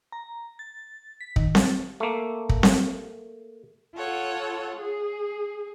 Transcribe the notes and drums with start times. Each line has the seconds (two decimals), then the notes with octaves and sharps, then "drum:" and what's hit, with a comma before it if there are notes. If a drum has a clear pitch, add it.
0.12 A#5
0.59 A6
1.21 B6
1.36 D#3, drum: kick
1.55 A6, drum: snare C4
2.00 A3 A#3
2.49 drum: kick
2.63 drum: snare C4
3.96 F4 A4 C#5 F#5
4.76 G#4